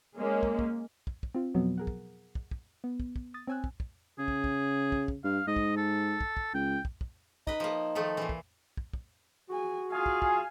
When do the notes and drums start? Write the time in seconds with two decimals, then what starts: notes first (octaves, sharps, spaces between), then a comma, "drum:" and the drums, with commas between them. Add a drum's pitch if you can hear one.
0.16 G#3 A#3 C#4
0.43 drum: kick
0.59 drum: kick
1.07 drum: kick
1.23 drum: kick
1.35 C4 F4
1.54 F2 B2 F3 F#3 B3
1.78 G#4 A#4 F#5
1.87 drum: kick
2.35 drum: kick
2.51 drum: kick
2.84 B3
3.00 drum: kick
3.16 drum: kick
3.34 D#6 A6
3.47 C4 C#5 G#5 E6 F#6
3.64 drum: kick
3.80 drum: kick
4.18 C#3 G#4
4.28 drum: kick
4.44 drum: kick
4.92 drum: kick
5.08 drum: kick
5.24 G2 F5
5.47 G#2 D#5
5.56 drum: kick
5.77 A4
6.21 drum: kick
6.37 drum: kick
6.54 C#2 G5
6.85 drum: kick
7.01 drum: kick
7.47 D#4 B4 D#5, drum: kick
7.60 F3 A#3
7.95 D#3 F3 A3
8.17 A#2 E3
8.29 drum: kick
8.77 drum: kick
8.93 drum: kick
9.50 F#4 G#4 G#5
9.92 F4 G#4 F5 G#5
10.06 drum: kick
10.22 drum: kick